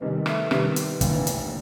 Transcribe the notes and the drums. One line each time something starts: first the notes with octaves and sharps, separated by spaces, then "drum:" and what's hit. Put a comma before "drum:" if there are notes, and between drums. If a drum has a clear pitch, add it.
C3 D#3 G3 G#3 B3
A3, drum: rim click
C3 D#3 G3 B3, drum: rim click
drum: hi-hat
F1 D#2 D3 E3, drum: kick, hi-hat
drum: hi-hat